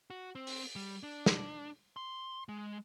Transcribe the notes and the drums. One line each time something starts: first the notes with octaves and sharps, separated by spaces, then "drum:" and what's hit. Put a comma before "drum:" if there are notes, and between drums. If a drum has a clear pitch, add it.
F#4
C4
drum: open hi-hat
G3
D4
drum: snare
C6
G#3